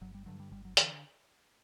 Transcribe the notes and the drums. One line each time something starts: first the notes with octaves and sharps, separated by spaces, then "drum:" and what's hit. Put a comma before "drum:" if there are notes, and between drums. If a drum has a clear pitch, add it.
G1 F#3
G3
G2 D3 F#3
G3
G1 G3
F#3
D3 E3, drum: hi-hat